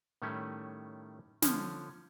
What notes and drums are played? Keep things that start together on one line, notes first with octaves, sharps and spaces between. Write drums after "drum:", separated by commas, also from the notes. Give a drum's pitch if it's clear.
A2 D#3 G3 A3 C#4
D3 F3 C#4, drum: snare